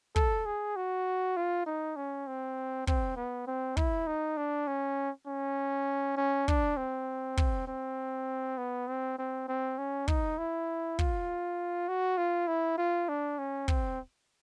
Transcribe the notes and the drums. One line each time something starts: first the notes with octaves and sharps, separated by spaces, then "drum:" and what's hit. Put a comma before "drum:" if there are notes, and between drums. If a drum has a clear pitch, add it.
A4, drum: kick
G#4
F#4
F4
D#4
C#4
C4
C4, drum: kick
B3
C4
E4, drum: kick
D#4
D4
C#4
C#4
C#4
D4, drum: kick
C4
drum: kick
C4
B3
C4
C4
C4
C#4
D#4, drum: kick
E4
F4, drum: kick
F#4
F4
E4
F4
D4
C#4
C4, drum: kick